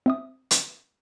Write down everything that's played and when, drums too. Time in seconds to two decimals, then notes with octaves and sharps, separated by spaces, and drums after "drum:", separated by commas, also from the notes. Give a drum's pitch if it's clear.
0.06 C4 E5 D#6
0.51 drum: hi-hat